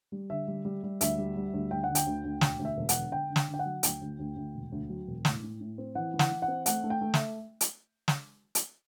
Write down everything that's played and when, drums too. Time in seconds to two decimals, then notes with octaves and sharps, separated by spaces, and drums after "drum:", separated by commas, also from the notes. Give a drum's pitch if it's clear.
0.12 G3
0.30 D3 E5
0.48 G3
0.65 G3
0.83 G3
1.01 D2 E5, drum: hi-hat
1.18 G3
1.36 G3
1.53 D2
1.71 D2 G5
1.84 F#5
1.89 D3
1.95 G5, drum: hi-hat
2.07 D2
2.24 D2
2.41 E1 G5, drum: snare
2.59 D2
2.65 E5
2.77 E1
2.89 F#5, drum: hi-hat
2.95 D3
3.12 D3 G5
3.30 D3
3.36 G5, drum: snare
3.48 D3
3.54 G5
3.59 F#5
3.65 F#3
3.83 D2 G5, drum: hi-hat
4.01 D2
4.19 D2
4.36 D2
4.54 E1
4.72 D2
4.89 F#3
5.07 E1
5.25 A2, drum: snare
5.43 A2
5.60 A2
5.78 C4
5.95 E3 F#5
6.14 E3
6.19 F#5, drum: snare
6.31 E3
6.42 F#5
6.48 C4
6.66 A3 F#5, drum: hi-hat
6.84 A3
6.90 G5
7.01 A3
7.14 E5, drum: snare
7.61 drum: hi-hat
8.08 drum: snare
8.55 drum: hi-hat